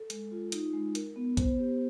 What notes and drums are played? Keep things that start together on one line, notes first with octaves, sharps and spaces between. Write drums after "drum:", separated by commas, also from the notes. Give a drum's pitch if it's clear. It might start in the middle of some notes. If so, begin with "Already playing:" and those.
Already playing: A4
G#3, drum: hi-hat
F4
D#4, drum: hi-hat
G#3
A#4, drum: hi-hat
B3
C5, drum: kick A1, hi-hat
G4